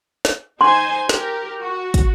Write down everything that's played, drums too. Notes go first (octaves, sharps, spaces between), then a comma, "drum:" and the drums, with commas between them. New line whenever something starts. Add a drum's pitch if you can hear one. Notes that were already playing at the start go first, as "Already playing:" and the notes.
drum: snare
D#4 C5 G#5 C6
G4 A#4, drum: snare
F#4
drum: kick, hi-hat